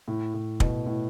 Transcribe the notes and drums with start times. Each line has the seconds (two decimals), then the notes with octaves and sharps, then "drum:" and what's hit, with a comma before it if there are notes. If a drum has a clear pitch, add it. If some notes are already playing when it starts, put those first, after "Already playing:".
0.08 A2
0.34 A2
0.60 B2, drum: kick
0.86 A2